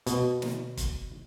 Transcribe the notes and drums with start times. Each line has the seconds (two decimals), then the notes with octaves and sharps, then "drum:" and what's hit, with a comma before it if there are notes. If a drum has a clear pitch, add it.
0.06 B2, drum: hi-hat
0.42 drum: snare
0.77 drum: kick, hi-hat